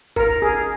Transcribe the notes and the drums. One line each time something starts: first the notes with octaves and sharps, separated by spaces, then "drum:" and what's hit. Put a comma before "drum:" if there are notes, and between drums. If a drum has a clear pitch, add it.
A#4, drum: kick G1
G#4